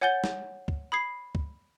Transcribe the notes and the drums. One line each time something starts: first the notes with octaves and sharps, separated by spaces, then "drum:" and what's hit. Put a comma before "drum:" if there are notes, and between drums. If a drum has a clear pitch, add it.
C#5 F#5 G#5 G6 A6 G7
drum: snare
drum: kick
B5 D#6 G#6 C7
drum: kick